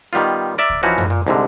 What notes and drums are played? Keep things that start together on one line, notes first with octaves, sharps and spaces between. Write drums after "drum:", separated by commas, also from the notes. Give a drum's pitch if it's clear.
D#3 G3 B3 F4
A#4 D5 E5
drum: kick C#2
E3 F3 C#4 D#4 F#4
drum: tom F#2
A#2
C2 G#2 D3, drum: hi-hat